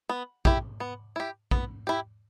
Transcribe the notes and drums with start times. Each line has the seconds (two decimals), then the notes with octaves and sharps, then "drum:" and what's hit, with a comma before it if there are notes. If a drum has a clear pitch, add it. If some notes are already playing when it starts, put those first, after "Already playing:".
0.09 B3
0.45 E4 G4, drum: kick A#1
0.80 B3
1.16 E4 G4
1.51 B3, drum: kick A#1
1.87 E4 G4